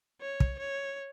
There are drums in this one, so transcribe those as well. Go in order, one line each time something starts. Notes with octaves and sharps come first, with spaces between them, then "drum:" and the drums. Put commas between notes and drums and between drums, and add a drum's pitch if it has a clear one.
C#5
drum: kick
C#5